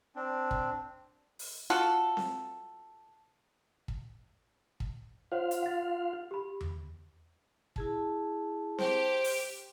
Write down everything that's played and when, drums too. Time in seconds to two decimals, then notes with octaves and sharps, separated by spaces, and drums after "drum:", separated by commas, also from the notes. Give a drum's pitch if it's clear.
0.16 C4 D4
0.51 drum: kick
1.39 drum: open hi-hat
1.70 F4 F#4 A4
2.17 drum: snare C4
3.88 drum: kick
4.80 drum: kick
5.32 F4 C5 C#5 F5 F#5
5.51 drum: hi-hat
5.63 F#5 A6
6.31 G4 B5
6.61 drum: tom E2
7.76 E4 G#4 A5, drum: kick
8.78 G4 C5 G5, drum: snare C4
9.24 drum: open hi-hat